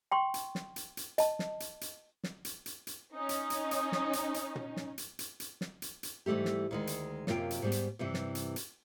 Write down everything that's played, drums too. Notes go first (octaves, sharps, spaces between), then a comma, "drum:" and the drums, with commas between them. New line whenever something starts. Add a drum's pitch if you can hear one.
G5 C6 C#6
drum: hi-hat
drum: snare
drum: hi-hat
drum: hi-hat
D#5 A5, drum: hi-hat
drum: snare
drum: hi-hat
drum: hi-hat
drum: snare
drum: hi-hat
drum: hi-hat
drum: hi-hat
C#4 D#4 D#6
drum: hi-hat
drum: hi-hat
drum: hi-hat
drum: snare
drum: hi-hat
drum: hi-hat
drum: tom
drum: snare
drum: hi-hat
drum: hi-hat
drum: hi-hat
drum: snare
drum: hi-hat
drum: hi-hat
G#2 E3 G3 A3 G4
drum: snare
D2 D#3 G#3
drum: hi-hat
F#2 C3 A#3 F4 G5, drum: snare
drum: hi-hat
G#2 G3 B3
drum: hi-hat
G2 C3 E3
drum: snare
drum: hi-hat
drum: hi-hat